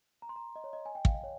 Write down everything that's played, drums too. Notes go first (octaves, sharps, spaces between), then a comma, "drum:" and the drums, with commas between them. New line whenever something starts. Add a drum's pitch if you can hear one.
A#5
C6
A#5
D#5
C#5
D#5
G#5
G5
F5, drum: kick
D#5
C#5